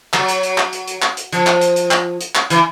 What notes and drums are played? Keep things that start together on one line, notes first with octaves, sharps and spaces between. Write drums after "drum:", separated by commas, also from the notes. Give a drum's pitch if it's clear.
F#3, drum: clap
drum: hi-hat
drum: hi-hat
drum: clap
drum: hi-hat
drum: hi-hat
drum: clap
drum: hi-hat
F3, drum: hi-hat
drum: clap
drum: hi-hat
drum: hi-hat
drum: clap
drum: hi-hat
drum: clap
E3, drum: hi-hat